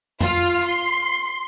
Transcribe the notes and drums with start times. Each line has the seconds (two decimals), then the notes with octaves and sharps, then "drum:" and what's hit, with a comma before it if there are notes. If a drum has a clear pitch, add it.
0.21 F4 F6, drum: tom F2
0.66 C6